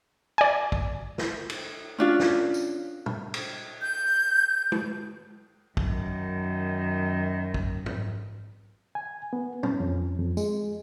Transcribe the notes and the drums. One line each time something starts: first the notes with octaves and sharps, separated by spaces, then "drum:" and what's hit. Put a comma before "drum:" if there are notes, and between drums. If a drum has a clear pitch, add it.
D5 G#5
drum: kick
drum: snare
drum: cymbal
C#4 D4 F4
drum: snare
drum: tambourine
drum: tom
drum: cymbal
G6
drum: tom G#3
F#2 D#3, drum: kick
drum: kick
drum: tom G#2
G#5
B3
C#4, drum: tom
F2
F2
G#3, drum: tambourine